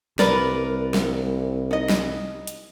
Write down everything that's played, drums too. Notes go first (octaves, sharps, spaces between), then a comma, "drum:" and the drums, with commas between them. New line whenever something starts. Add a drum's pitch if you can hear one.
C2 A#4 B4 D5, drum: snare
drum: snare
D#4 D#5
drum: snare
drum: hi-hat